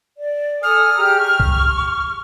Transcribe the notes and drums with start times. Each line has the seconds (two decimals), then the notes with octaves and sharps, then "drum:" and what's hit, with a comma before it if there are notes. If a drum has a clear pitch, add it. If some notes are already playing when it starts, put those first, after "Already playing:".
0.18 D5
0.63 A4 G#5 D#6 F6
0.96 G4 G#4 A#5
1.19 C#6
1.40 drum: kick C2